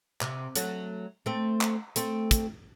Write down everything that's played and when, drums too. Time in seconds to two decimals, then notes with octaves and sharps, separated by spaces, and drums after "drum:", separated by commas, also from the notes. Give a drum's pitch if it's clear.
0.21 C3, drum: clap
0.56 F#3 A3, drum: hi-hat
1.26 A3 C4
1.61 drum: clap
1.96 A3 C4, drum: hi-hat
2.31 drum: kick, hi-hat